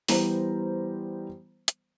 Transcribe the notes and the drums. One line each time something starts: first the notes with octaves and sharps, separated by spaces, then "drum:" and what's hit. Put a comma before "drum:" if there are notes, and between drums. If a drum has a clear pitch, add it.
E3 G3 B3 C5 A#5, drum: open hi-hat
drum: hi-hat